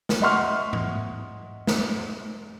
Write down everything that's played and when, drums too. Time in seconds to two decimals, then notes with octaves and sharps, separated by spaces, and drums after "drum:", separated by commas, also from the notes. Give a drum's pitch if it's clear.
0.09 drum: snare
0.22 D#5 E5 F#5 C6 C#6 F6
0.73 drum: tom G#2
1.67 drum: snare